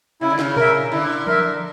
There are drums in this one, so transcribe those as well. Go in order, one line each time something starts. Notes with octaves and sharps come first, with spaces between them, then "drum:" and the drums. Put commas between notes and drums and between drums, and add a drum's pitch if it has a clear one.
C#3 E4
D3
C#3, drum: snare
A#4 E5, drum: tom A#2
D3 E4
A#4 E5, drum: tom E3